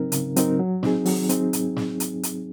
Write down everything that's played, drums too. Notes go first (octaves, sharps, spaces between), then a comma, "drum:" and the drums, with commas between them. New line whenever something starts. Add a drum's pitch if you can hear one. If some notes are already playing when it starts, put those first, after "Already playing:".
Already playing: C#3 F#3 C4 D#4 A#4
C#3, drum: hi-hat
F#3 C4 D#4 A#4, drum: hi-hat
F#3
C4 D#4 G#4, drum: snare
F#3, drum: open hi-hat
C4 D#4 G#4, drum: hi-hat
drum: hi-hat
drum: snare
drum: hi-hat
drum: hi-hat